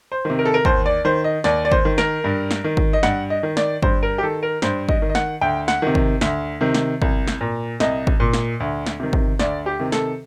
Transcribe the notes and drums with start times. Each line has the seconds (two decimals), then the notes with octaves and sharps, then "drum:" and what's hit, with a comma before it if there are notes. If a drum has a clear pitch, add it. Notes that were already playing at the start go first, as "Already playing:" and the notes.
0.12 C5
0.25 C3 D#3
0.39 A#4
0.45 A4
0.54 A#4
0.65 D#2 C5, drum: kick
0.86 D5
1.05 D#3 C5
1.24 D#5
1.44 D#2 D5, drum: snare
1.65 D5
1.72 C5, drum: kick
1.85 D#3
1.98 A#4, drum: snare
2.24 G2
2.51 drum: snare
2.64 D#3
2.77 drum: kick
2.93 D#5
3.03 G2 F#5, drum: snare
3.30 D#5
3.43 D#3
3.57 D5, drum: snare
3.82 G2 C5, drum: kick
4.03 A#4
4.18 G4
4.23 D#3 A4
4.43 A#4
4.62 G2 C5, drum: snare
4.89 D#5, drum: kick
5.02 D#3
5.10 D#5
5.15 F#5, drum: snare
5.41 D2 G5
5.68 F#5, drum: snare
5.82 C3 D#3
5.95 drum: kick
6.21 D2, drum: snare
6.61 C3 D#3
6.75 drum: snare
7.02 C2, drum: kick
7.28 drum: snare
7.41 A#2
7.80 C2 D#5, drum: snare
8.07 drum: kick
8.20 A#2
8.33 drum: snare
8.60 D2
8.86 drum: snare
9.00 C3 D#3
9.13 drum: kick
9.39 D2 D5, drum: snare
9.66 G4
9.80 C3 D#3
9.92 A4, drum: snare